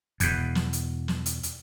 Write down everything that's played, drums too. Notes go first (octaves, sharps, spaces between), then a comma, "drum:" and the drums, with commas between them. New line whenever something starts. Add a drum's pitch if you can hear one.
E2 B2, drum: kick, hi-hat
drum: snare
drum: hi-hat
drum: snare
drum: hi-hat
drum: hi-hat